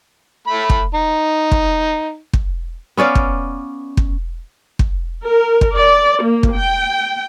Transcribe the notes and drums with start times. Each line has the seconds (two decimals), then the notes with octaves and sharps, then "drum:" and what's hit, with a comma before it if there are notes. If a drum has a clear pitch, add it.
0.48 A3 B5
0.70 drum: kick
0.94 D#4
1.51 drum: kick
2.33 drum: kick
2.97 B3 C#4 D5 F5
3.15 drum: kick
3.97 drum: kick
4.79 drum: kick
5.24 A#4
5.61 drum: kick
5.77 D5
6.23 A#3
6.43 drum: kick
6.55 G5